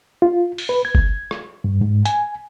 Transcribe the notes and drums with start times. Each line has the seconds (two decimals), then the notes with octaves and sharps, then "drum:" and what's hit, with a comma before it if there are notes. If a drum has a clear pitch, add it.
0.22 F4
0.58 drum: open hi-hat
0.69 B4
0.85 G#6
0.95 drum: kick G1
1.31 drum: rim click
1.64 G2
1.81 G#2
2.05 G#5, drum: hi-hat